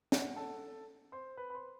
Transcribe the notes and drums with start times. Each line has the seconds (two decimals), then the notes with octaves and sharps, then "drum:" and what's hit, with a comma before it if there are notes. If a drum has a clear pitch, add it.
0.12 F#5, drum: snare
0.36 A4 A5
1.12 C5 C6
1.37 B4 B5
1.50 B5
1.54 C5 C6